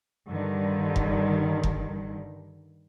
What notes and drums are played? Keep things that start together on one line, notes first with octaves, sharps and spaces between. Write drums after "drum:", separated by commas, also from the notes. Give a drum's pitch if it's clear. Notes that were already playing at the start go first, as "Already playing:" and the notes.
G2 D3 D#3 G3
drum: kick F1
drum: kick F1